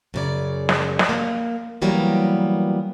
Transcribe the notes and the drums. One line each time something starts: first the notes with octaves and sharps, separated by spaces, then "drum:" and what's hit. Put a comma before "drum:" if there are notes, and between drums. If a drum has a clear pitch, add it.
F#2 C#3 D5
drum: snare
drum: snare
A#3
E3 F#3 G3 A#3 B3